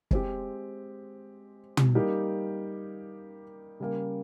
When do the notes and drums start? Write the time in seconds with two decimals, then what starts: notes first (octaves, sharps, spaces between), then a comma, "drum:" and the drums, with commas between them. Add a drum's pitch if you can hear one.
0.11 G#3 C4 G4, drum: kick
1.77 drum: tom
1.95 G3 A#3 D#4 G4
3.80 C#3 G3 A#3